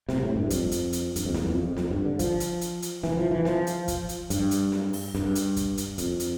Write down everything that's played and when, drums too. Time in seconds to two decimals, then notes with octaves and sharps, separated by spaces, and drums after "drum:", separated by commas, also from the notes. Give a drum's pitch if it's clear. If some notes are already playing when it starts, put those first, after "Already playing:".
0.09 C3, drum: snare
0.23 A2
0.36 G2
0.50 F2, drum: kick, hi-hat
0.72 drum: hi-hat
0.93 drum: hi-hat
1.16 G2, drum: hi-hat
1.25 F2
1.34 E2, drum: snare
1.49 F2
1.63 F2
1.76 F2, drum: snare
1.90 G2
2.06 D3
2.19 F3, drum: kick, hi-hat
2.40 drum: hi-hat
2.61 drum: hi-hat
2.82 drum: hi-hat
3.03 E3, drum: snare
3.17 F3
3.31 E3
3.45 F3, drum: snare
3.67 drum: hi-hat
3.88 drum: kick, hi-hat
4.09 drum: hi-hat
4.30 G2, drum: hi-hat
4.51 drum: hi-hat
4.72 drum: snare
4.93 drum: open hi-hat
5.15 G2, drum: snare
5.35 drum: hi-hat
5.56 drum: kick, hi-hat
5.77 drum: hi-hat
5.98 F2, drum: hi-hat
6.20 drum: hi-hat